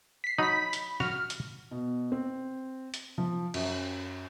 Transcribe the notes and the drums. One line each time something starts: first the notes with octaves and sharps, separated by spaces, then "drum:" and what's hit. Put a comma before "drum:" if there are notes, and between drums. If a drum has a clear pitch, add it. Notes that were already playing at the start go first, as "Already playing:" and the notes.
B6 C7
F#3 D#4 B5 B6
drum: hi-hat
F#4 F6, drum: snare
drum: hi-hat
B2
C4
drum: hi-hat
F3
F#2, drum: cymbal